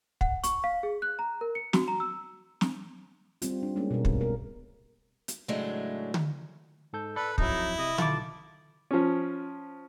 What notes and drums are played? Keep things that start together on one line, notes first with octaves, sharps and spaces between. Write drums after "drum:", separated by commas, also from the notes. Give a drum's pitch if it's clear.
F#5, drum: kick
C#6, drum: hi-hat
F5
G#4
F#6
A#5
A#4
C#7
F#4, drum: snare
A#5
E6
drum: snare
G3 C4 F4, drum: hi-hat
D4
G3 G#3 A#3 C#4 D4
B2 A#4
A3, drum: kick
A#4
drum: hi-hat
A2 C#3 F#3 G#3 A3 D4
drum: tom D3
G#2 A4 G6
A4 B4 D5 B5
F2 F#3 D#4 E4, drum: kick
C3 D#5
B1 F4 A4 A5 D6, drum: tom D3
F3 C#4